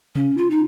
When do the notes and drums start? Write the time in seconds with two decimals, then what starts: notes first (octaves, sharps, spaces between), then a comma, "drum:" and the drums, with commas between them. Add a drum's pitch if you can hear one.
0.15 C#4, drum: tom C3
0.37 F4
0.50 D#4